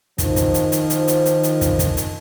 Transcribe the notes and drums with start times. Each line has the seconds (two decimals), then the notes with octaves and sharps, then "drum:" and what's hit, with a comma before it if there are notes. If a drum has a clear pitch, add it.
0.18 D#3 F3, drum: kick, hi-hat
0.36 drum: kick, hi-hat
0.54 drum: hi-hat
0.72 drum: hi-hat
0.90 drum: hi-hat
1.08 drum: hi-hat
1.25 drum: hi-hat
1.43 drum: hi-hat
1.61 drum: kick, hi-hat
1.79 drum: kick, hi-hat
1.97 drum: hi-hat